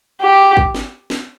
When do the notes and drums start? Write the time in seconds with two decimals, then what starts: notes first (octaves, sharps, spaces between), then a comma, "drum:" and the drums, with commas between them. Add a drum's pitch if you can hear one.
0.21 G4
0.57 drum: kick
0.74 drum: snare
1.10 drum: snare